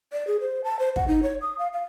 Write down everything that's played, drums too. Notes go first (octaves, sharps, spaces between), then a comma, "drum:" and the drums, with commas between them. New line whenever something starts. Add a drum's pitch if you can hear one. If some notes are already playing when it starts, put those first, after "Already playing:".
D5
G#4
C5
A5
C5
F#5, drum: kick
D#4
C#5
D#6
F5
F5